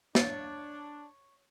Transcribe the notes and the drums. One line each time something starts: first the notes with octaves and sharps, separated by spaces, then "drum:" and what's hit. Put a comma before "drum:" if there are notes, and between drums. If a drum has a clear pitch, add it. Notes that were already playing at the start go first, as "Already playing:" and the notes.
D4 C#5 A6, drum: snare